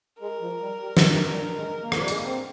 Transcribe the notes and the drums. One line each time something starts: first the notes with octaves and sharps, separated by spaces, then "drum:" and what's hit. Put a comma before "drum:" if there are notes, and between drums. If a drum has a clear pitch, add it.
G#3 A#4
F3
G3
G3
drum: snare
G3
G#3
A#3
F3, drum: rim click
G3
G#3, drum: hi-hat
A#3
C4